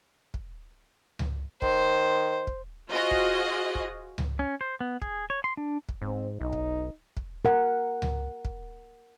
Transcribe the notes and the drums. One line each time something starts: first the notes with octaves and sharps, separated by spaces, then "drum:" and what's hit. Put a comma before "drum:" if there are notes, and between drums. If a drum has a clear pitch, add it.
drum: kick
drum: tom C#2
D#3 C5, drum: kick
drum: kick
F4 F#4 G#4 C5 D#5
drum: kick
drum: kick
drum: tom C#2
C#4
C5
B3
G#4, drum: kick
C#5
C6
D4
drum: kick
G#2 C4
B1 D#4
drum: kick
drum: kick
A#4 F#5
drum: tom C#2
drum: kick